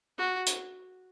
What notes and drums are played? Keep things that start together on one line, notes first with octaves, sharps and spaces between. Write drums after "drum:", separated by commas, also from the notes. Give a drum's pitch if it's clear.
F#4
drum: hi-hat